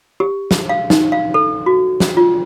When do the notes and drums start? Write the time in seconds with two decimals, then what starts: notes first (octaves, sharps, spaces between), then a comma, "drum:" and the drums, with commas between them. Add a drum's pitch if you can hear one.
0.20 G4
0.51 drum: snare
0.69 F5
0.90 D#4, drum: snare
1.12 F5
1.34 A4
1.66 F#4
2.00 drum: snare
2.17 F4